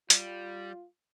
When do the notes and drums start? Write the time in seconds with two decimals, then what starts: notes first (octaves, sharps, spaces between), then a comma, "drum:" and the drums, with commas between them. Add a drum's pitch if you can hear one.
0.10 G3 F4, drum: hi-hat